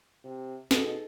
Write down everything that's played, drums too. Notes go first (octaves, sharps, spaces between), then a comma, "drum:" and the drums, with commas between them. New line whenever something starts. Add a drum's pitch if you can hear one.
C3
B2 D#4 G#4 A4, drum: snare